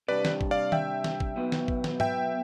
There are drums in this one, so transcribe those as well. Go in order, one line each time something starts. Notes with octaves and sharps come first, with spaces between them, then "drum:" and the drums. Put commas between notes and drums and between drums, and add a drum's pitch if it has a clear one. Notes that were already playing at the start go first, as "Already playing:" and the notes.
C3 G3 D4 B4 D5
drum: snare
drum: kick
D5 F5
E5 G5, drum: tom D#3
drum: snare
drum: kick
B1 B2 B3
drum: snare
drum: kick
drum: snare
E5 G5, drum: tom G#2